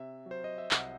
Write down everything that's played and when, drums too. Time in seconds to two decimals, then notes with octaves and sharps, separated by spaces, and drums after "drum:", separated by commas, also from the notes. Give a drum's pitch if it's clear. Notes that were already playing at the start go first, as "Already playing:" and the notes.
Already playing: C3 E5
0.26 F#3
0.31 C5
0.44 D#5
0.58 E5
0.71 C2 F#5, drum: clap